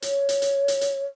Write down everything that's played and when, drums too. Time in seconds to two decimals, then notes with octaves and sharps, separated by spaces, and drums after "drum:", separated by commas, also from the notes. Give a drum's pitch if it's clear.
0.02 C#5, drum: hi-hat
0.29 drum: hi-hat
0.42 drum: hi-hat
0.68 drum: hi-hat
0.81 drum: hi-hat